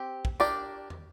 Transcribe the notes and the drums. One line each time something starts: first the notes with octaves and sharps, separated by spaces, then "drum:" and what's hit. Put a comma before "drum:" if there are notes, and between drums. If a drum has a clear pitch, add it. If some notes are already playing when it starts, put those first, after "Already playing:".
Already playing: C4 G4
drum: kick
D4 G4 A#4 D5, drum: tambourine
drum: tom